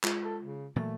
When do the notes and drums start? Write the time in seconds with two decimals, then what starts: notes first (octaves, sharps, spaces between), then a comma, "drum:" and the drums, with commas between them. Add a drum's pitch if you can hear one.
0.04 G#3 F4, drum: clap
0.23 A4
0.42 C#3
0.76 A#2 E3 F#3 A3 A6